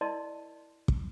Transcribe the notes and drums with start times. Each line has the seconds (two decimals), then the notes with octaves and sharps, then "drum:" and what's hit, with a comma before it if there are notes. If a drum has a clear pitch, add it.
0.01 E4 A#4 D5 D#5 A5 C6
0.88 drum: kick